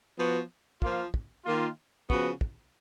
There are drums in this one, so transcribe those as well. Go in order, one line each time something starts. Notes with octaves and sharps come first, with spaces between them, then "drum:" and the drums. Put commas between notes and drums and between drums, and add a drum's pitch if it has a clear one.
F3 B3 F#4
F3 A#3 F4, drum: kick
drum: kick
D#3 A#3 F4
C#3 F3 B3 F#4, drum: kick
drum: kick